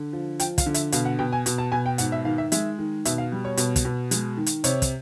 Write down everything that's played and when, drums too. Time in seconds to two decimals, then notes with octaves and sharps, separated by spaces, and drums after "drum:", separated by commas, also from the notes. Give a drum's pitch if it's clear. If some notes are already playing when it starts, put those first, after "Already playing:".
Already playing: D3
0.13 F3
0.40 F3 G5, drum: hi-hat
0.58 F5, drum: kick, hi-hat
0.66 D3
0.74 E5, drum: hi-hat
0.92 B2 F5, drum: hi-hat
1.05 F#5
1.19 B2 G5
1.33 G#5
1.46 B2, drum: hi-hat
1.58 A5
1.72 B2 G#5
1.86 G5
1.98 G#2 F#5, drum: hi-hat
2.12 E5
2.25 D#3 F5
2.38 E5
2.52 G#3 E5, drum: hi-hat
2.78 D#3
3.05 B2 E5, drum: hi-hat
3.18 F5
3.32 G3
3.45 C#5
3.57 B2, drum: hi-hat
3.76 drum: kick, hi-hat
3.85 B2
4.11 G#3, drum: hi-hat
4.37 D#3
4.46 drum: hi-hat
4.64 C3 C#5, drum: hi-hat
4.82 drum: kick, hi-hat